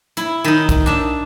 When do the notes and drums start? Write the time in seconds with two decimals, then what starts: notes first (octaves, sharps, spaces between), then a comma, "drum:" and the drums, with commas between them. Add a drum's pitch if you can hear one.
0.17 E4, drum: hi-hat
0.44 D#3 D#4
0.69 drum: kick, hi-hat
0.86 D4 E5